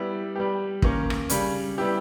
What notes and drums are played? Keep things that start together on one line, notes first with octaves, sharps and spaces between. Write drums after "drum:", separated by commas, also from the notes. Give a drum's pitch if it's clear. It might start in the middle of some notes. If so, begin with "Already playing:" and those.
Already playing: G3 B3 E4 G4
G3 B3 G4
D#3 A#3 C#4, drum: kick
drum: rim click
C#3 G3 C#4, drum: hi-hat
G3 B3 E4 G4